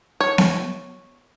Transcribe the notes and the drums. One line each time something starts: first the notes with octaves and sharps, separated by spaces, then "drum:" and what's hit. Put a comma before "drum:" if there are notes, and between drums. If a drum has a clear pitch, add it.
C#5
drum: snare B3